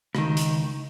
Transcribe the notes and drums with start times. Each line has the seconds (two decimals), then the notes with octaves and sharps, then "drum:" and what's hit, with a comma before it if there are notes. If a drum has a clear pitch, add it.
0.15 C#2 D#3, drum: rim click
0.37 drum: hi-hat